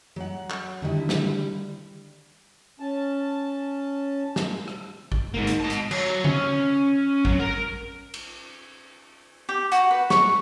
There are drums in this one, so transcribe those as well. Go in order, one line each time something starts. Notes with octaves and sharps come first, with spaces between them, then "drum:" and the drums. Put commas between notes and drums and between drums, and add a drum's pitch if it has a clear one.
F#3 F#5
drum: clap
D3 D#3 G3 E4
drum: snare
C#4 A5
drum: snare
drum: rim click
drum: kick
G#2 A#3
drum: hi-hat
D#5 A5
drum: hi-hat
F#3, drum: cymbal
C#4, drum: tom C#3
F#3, drum: kick
A#4
drum: cymbal
G4
F#4, drum: hi-hat
B4
C#6, drum: snare